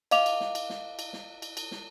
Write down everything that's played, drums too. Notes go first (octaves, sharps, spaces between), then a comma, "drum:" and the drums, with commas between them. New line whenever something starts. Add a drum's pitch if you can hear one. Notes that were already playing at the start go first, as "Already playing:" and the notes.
D#5 F5 D6 F7, drum: cymbal
drum: cymbal
drum: snare
drum: cymbal
drum: snare
drum: cymbal
drum: snare
drum: cymbal
drum: cymbal
drum: snare